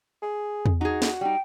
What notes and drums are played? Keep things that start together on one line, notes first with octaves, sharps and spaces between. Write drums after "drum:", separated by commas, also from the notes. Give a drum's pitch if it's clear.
G#4
drum: tom E2
D#4 F#4 G#4
drum: snare
G3 D#4 G5